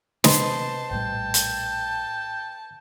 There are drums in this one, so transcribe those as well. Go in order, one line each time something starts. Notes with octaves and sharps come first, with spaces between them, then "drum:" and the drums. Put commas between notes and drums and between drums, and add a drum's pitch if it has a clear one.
C3 B4 C5 D#5 A5 C6, drum: snare
A#1 A2 G3 G5 A5
drum: hi-hat